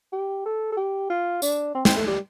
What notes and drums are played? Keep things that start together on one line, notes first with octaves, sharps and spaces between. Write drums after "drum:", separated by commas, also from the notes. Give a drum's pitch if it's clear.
G4
A4
A4
G4
F4
D4, drum: tambourine
C4
C4, drum: snare
A3
G3